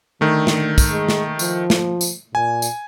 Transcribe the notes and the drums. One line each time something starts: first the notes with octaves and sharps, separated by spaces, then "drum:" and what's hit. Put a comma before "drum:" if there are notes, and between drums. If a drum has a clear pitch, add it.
D3 D#3 A3
drum: snare
drum: kick, tambourine
G#3
drum: snare
F3, drum: tambourine
drum: snare
drum: tambourine
A#2 G#5
drum: tambourine